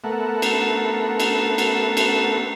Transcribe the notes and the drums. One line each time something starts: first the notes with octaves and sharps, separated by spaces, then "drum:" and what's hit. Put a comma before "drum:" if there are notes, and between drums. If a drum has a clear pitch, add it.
A3 B3 A4 A#4 E5 F#5
drum: cymbal
drum: cymbal
drum: cymbal
drum: cymbal